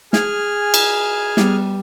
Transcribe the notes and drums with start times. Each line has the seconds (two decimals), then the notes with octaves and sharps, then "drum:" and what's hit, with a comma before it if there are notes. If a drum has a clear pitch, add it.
0.13 G#4 G#5 F6, drum: snare
0.74 drum: cymbal
1.37 G3 B3, drum: snare